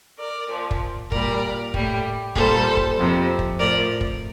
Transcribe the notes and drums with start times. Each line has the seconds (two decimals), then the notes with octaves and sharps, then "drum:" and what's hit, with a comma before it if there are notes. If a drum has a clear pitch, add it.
0.19 A#4 D5
0.50 A#2 F3
0.71 drum: kick
1.12 A#2 G3 A#4 D5, drum: kick
1.74 A2 G3, drum: kick
2.36 A#2 G3 A4 C5, drum: kick
2.77 drum: kick
2.97 F2 C3 F3
3.39 drum: kick
3.59 A2 F3 A#4 D5
4.01 drum: kick